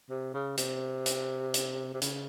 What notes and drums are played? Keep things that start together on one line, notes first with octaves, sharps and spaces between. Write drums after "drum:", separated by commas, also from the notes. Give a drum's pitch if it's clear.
C3
C#3
C3, drum: hi-hat
drum: hi-hat
drum: hi-hat
C3
C#3, drum: hi-hat